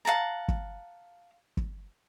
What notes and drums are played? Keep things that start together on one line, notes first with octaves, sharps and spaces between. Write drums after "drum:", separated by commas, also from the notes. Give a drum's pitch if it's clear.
F5 F#5 A5 A#5
drum: kick
drum: kick